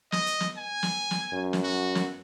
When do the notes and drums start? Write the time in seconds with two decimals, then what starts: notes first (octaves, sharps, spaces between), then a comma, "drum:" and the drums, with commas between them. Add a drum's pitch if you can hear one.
0.12 D#5, drum: snare
0.26 drum: hi-hat
0.40 drum: snare
0.58 G#5
0.83 drum: snare
1.11 drum: snare
1.32 F#2
1.53 drum: snare
1.64 F#4
1.95 drum: snare